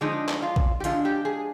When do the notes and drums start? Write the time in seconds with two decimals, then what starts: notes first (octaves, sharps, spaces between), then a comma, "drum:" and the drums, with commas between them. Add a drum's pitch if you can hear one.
0.01 D3 F3 G#3 D4 D#4
0.29 drum: clap
0.42 F4
0.56 drum: kick A#1
0.80 G4
0.84 D3 F3 G#3 D4 F4, drum: hi-hat
1.05 G4
1.25 G#4